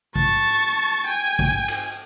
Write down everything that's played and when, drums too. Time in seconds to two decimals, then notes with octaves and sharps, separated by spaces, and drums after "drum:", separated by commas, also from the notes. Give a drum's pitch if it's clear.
0.16 A5 C#6, drum: kick G#1
1.07 G5 G#5
1.39 drum: kick G#1
1.68 drum: cymbal